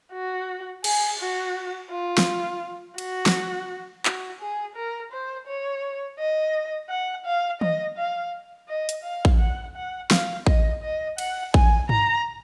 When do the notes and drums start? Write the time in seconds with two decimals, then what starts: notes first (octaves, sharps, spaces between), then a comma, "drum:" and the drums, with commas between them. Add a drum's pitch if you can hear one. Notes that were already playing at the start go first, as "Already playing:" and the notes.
0.12 F#4
0.84 G#4, drum: cymbal
1.20 F#4
1.90 F4
2.18 drum: snare
2.98 F#4, drum: cymbal
3.26 drum: snare
4.05 F#4, drum: clap
4.40 G#4
4.75 A#4
5.12 C5
5.47 C#5
6.19 D#5
6.90 F#5
7.26 F5
7.61 D#5, drum: tom
7.98 F5
8.68 D#5
8.89 drum: hi-hat
9.04 F5
9.25 drum: kick A1
9.39 F#5
9.75 F#5
10.11 F5, drum: snare
10.47 D#5, drum: kick A1
10.83 D#5
11.18 F#5, drum: cymbal
11.54 G#5, drum: kick A1
11.89 A#5, drum: tom G2